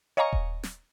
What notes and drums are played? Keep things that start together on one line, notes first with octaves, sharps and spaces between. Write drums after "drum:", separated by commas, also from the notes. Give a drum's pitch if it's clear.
C#5 D#5 F5 G#5 A#5 C#6
drum: kick D#1
drum: snare